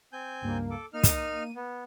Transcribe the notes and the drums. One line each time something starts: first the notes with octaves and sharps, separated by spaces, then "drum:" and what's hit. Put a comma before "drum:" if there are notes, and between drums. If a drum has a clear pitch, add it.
C4 G#5 G6
C#2 G2 A#3
A4 D6
A#3 D#4 F6 D#7
drum: kick, hi-hat
B3